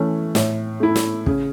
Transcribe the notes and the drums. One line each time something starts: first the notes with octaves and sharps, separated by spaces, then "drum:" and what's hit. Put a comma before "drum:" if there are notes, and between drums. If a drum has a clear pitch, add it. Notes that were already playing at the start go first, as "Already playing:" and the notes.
Already playing: E3 A3 C#4
A2, drum: snare
A3 E4
drum: snare
C#3, drum: kick